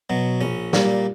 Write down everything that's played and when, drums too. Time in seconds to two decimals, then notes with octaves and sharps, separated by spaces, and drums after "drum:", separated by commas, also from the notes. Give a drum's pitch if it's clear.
0.10 B2 F#3
0.41 A#1 C#4
0.73 A#2 G3 A#3, drum: snare